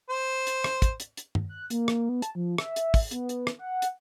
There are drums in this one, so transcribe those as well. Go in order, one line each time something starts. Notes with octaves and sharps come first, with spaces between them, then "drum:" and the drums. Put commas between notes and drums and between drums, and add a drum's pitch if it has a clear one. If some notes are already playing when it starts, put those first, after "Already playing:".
C5
drum: hi-hat
drum: rim click
drum: kick, hi-hat
drum: hi-hat
drum: hi-hat
drum: tom
F#6
A#3, drum: hi-hat
drum: rim click
B3
A5, drum: hi-hat
F3
E5, drum: rim click
drum: hi-hat
drum: kick, open hi-hat
B3, drum: hi-hat
drum: hi-hat
drum: rim click
F#5
drum: hi-hat